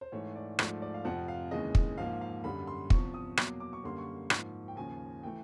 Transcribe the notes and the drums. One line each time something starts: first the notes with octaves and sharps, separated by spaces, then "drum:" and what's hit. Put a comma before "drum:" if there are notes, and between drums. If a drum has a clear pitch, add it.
C5
G#2 E3 A3 C#5
D5
G#2 F3 A3 D5, drum: rim click
D5
F5
F2 C3 F3 F#5
F5
D#2 C#3 E3 G#3 D#5
drum: kick
G#2 F3 A#3 F5
F5
F#2 D3 G3 B5
C6
E2 C3 F3 C#6, drum: kick
D#6
E2 B2 F#3 A#3 D6, drum: rim click
D6
C#6
F#2 D3 G3 A#3 C6
C#6
G#2 F3 A#3, drum: rim click
G5
D#2 C#3 F3 G#5
E3 A3 G5